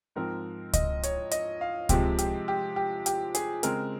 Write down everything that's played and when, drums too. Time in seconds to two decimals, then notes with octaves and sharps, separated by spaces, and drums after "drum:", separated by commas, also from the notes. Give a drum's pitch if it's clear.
0.16 G#2 F3 C4 A#4
0.73 D#5, drum: kick C#2, hi-hat
1.03 C#5, drum: hi-hat
1.31 D#5, drum: hi-hat
1.61 F5
1.89 C3 F3 G#3 C4 G4, drum: kick C#2, hi-hat
2.18 G4, drum: hi-hat
2.48 G4
2.76 G4
3.06 G4, drum: hi-hat
3.35 G#4, drum: hi-hat
3.63 C#3 G#3 C4 A#4, drum: hi-hat